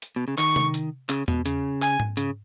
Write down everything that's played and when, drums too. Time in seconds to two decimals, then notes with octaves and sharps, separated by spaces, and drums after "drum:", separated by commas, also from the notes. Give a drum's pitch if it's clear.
0.02 drum: hi-hat
0.16 B2
0.28 C#3
0.38 D#3 C#6, drum: clap
0.56 drum: tom C3
0.74 drum: hi-hat
1.09 C#3, drum: clap
1.28 B2, drum: tom E2
1.46 C#3, drum: hi-hat
1.82 G#5, drum: clap
2.00 drum: tom G#2
2.17 C#3, drum: hi-hat